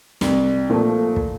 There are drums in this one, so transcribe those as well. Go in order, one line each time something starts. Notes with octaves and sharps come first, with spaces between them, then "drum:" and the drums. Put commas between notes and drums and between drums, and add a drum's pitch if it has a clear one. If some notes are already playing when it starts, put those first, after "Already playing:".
C2, drum: snare
A#2 F3 A3
drum: kick